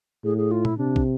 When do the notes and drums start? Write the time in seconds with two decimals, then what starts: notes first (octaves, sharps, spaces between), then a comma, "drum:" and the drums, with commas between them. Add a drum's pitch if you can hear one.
0.24 A2 G#4
0.38 G#4
0.51 F4
0.65 E4, drum: tom A#2
0.78 C3 D4
0.96 drum: kick